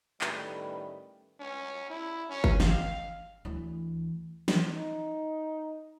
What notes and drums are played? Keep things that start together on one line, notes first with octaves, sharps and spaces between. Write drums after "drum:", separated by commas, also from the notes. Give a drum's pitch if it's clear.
A2 D#3 G3 A3 C#4 B4, drum: clap
C#4
E4
C#4
drum: kick G1
F5, drum: snare
D2 E3
drum: snare
D#4